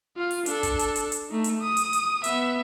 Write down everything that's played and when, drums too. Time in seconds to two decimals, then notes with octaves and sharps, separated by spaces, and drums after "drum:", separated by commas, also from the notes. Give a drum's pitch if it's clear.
0.17 F4 F5
0.31 drum: open hi-hat
0.46 D4 A4, drum: hi-hat
0.63 drum: kick, hi-hat
0.79 drum: hi-hat
0.96 drum: hi-hat
1.12 drum: hi-hat
1.29 A3 D#4
1.44 drum: hi-hat
1.60 D#6
1.77 drum: hi-hat
1.93 drum: hi-hat
2.24 B3 E5, drum: hi-hat